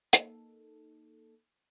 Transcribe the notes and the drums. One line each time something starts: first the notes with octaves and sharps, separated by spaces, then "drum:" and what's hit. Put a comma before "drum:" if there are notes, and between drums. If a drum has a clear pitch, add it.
A#3 D#4 A4, drum: hi-hat